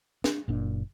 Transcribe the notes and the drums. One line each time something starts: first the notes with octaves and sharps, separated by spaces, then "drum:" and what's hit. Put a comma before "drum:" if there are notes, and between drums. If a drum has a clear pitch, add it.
D4, drum: snare
F#1 A#2 D4